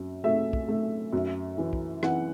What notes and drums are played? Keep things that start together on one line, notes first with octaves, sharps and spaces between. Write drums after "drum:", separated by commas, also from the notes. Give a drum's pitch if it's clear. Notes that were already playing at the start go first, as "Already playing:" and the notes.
Already playing: F#2
A3 E5
drum: kick
A3
F#2
E3
drum: kick
E3 F#5, drum: rim click